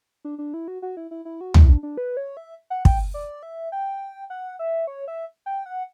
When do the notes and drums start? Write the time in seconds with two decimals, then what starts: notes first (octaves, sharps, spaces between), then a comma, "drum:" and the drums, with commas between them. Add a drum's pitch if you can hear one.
0.25 D4
0.39 D4
0.54 E4
0.68 F#4
0.82 F#4
0.97 E4
1.11 E4
1.25 E4
1.41 F#4
1.54 E4, drum: tom
1.69 D4
1.83 D4
1.97 B4
2.17 C#5
2.37 E5
2.70 F#5
2.85 G5, drum: kick
3.14 D5
3.43 E5
3.72 G5
4.30 F#5
4.59 E5
4.87 C#5
5.08 E5
5.46 G5
5.66 F#5